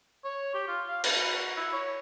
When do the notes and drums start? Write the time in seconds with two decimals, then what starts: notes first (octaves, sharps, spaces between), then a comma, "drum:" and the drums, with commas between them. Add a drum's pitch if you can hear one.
0.24 C#5
0.54 G4
0.68 F4
0.88 F5
1.04 B4, drum: cymbal
1.35 F#4
1.57 E4
1.73 C#5